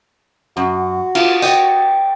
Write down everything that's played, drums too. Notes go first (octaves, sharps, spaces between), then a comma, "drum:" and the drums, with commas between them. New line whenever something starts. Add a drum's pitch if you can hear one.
F#2 F#4
F4, drum: cymbal
C#5 D#5 G5, drum: tambourine